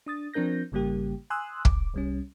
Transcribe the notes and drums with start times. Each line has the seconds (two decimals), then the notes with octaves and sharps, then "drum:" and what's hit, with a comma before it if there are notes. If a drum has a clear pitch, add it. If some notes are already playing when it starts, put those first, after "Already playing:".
0.06 D4 D#6 A6
0.33 F3 C4 D4 A#4 G6 A#6
0.72 G#1 C#3 G3 A#3 G4
1.30 G#5 C6 D#6 E6 F#6
1.65 D6, drum: kick
1.94 C2 G3 C#4